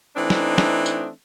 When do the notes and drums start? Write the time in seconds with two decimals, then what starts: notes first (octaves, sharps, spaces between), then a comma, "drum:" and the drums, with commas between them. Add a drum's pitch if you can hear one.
0.16 E3 A3 C4 D4 D#4
0.30 drum: snare
0.58 drum: snare
0.86 drum: tambourine